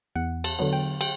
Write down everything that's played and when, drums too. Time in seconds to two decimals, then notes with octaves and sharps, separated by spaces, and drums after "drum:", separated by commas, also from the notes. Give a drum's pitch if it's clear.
0.15 E2 F#5
0.44 A5, drum: cymbal
0.59 D3 F#3 B3
0.73 G5
1.01 G5, drum: cymbal